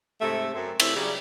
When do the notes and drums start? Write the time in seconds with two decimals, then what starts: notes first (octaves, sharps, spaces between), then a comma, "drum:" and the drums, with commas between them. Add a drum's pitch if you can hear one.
0.21 G#2 C3 A3
0.55 F#2 C4
0.80 C3 A3 C#4 E4, drum: cymbal
0.96 C#3 F#3 G3